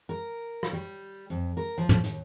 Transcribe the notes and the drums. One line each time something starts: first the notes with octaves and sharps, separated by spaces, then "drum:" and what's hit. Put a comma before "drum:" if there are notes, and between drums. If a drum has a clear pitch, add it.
A#4
drum: rim click
G3
F2
A#4
F3
drum: tom
D#2, drum: hi-hat